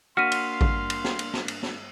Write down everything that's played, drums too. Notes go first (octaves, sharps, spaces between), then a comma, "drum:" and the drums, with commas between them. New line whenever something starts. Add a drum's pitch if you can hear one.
A#3 D4 F#4 F5 C6 F6 B6 D#7
drum: cymbal
drum: kick A1
drum: cymbal
drum: snare
drum: cymbal
drum: snare
drum: cymbal
drum: snare